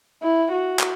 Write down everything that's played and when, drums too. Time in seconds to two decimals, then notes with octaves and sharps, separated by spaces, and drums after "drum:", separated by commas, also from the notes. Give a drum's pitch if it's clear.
0.23 E4
0.52 F#4
0.79 drum: clap